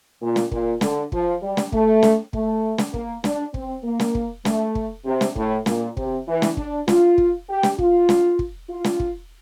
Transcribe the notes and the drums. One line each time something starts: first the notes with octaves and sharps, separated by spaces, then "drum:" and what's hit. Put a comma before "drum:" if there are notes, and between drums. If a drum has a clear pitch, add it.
A#2
drum: snare
A#2, drum: kick
D3, drum: snare
F3, drum: kick
G3
drum: snare
A3, drum: kick
drum: snare
A3, drum: kick
drum: snare
A#3, drum: kick
D4, drum: snare
C4, drum: kick
A#3
drum: snare
drum: kick
A3, drum: snare
drum: kick
C3
drum: snare
A2, drum: kick
A#2, drum: snare
C3, drum: kick
E3
drum: snare
D4, drum: kick
F4, drum: snare
drum: kick
G4
drum: snare
F4, drum: kick
drum: snare
drum: kick
F4
drum: snare
drum: kick